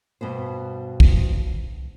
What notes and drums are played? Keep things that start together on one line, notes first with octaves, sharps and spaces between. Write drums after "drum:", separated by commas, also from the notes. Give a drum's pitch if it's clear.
G2 B2 B3 C5
drum: kick